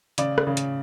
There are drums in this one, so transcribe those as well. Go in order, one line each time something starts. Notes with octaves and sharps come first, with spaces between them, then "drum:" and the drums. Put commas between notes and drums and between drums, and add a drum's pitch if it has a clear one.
C#3 D5, drum: hi-hat
drum: rim click
C#3
drum: hi-hat